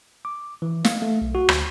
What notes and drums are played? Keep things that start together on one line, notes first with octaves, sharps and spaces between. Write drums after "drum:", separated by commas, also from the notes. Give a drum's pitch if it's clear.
D6
E3
F5, drum: snare
A3
B1
F#4
D2, drum: rim click